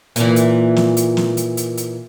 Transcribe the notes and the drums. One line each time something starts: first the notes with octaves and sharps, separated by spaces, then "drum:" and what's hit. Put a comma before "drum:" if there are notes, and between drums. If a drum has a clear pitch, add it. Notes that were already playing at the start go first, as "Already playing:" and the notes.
A#2 E3, drum: hi-hat
drum: hi-hat
drum: snare
drum: hi-hat
drum: snare
drum: hi-hat
drum: hi-hat
drum: hi-hat